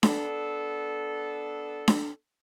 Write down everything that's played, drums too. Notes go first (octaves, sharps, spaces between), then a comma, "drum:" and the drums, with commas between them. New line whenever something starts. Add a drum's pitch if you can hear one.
B3 D4 A4, drum: snare D4
drum: snare D4